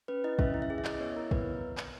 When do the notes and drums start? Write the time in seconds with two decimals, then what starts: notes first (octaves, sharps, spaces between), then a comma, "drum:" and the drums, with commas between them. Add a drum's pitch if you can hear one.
0.08 C#4 B4
0.24 E4 D#5
0.39 C#4 E5, drum: kick
0.54 E4
0.62 E5
0.70 G#4
0.78 E5
0.85 E4 D#5, drum: clap
1.00 B3 C#5
1.16 E4 A#4
1.31 B3 B4, drum: kick
1.77 drum: clap